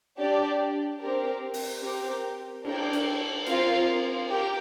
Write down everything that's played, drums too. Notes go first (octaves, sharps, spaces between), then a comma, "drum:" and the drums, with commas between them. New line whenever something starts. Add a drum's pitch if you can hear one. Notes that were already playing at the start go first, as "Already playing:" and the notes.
D4 G4 D5
C4 G4 A#4
drum: open hi-hat
C4 G4 A#4
D4 A#4 G5, drum: cymbal
drum: hi-hat
C4 F4 A#4 F5, drum: hi-hat
G4 A#4 G5